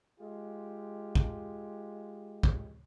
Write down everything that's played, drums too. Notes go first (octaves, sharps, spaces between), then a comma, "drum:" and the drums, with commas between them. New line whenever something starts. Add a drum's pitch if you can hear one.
G#3 F4 G4
drum: kick
drum: kick